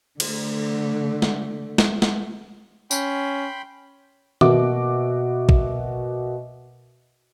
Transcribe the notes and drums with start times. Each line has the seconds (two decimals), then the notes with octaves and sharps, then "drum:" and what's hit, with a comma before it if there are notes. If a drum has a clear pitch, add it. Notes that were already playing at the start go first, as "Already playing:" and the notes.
0.20 D3 A3, drum: cymbal
1.22 drum: snare
1.78 drum: snare
2.02 drum: snare
2.91 C#4 G5 B5 C6, drum: tambourine
4.41 B2 A#3 F#4 B4 E5 D6, drum: tom D#3
5.49 drum: kick